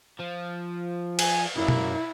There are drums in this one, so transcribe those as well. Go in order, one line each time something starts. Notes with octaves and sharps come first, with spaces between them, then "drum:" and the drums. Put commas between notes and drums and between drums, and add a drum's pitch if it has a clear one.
F3
G#5, drum: cymbal
C2 F#2 A#3 E4
drum: tom B2